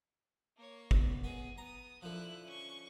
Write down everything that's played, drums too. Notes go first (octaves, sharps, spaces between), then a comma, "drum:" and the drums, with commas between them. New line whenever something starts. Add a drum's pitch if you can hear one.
A#3 C#5
B3, drum: kick
B3 G#4 D#5
B3 A#5 D#6
D3 F3 E4 F#6
C#4 C#6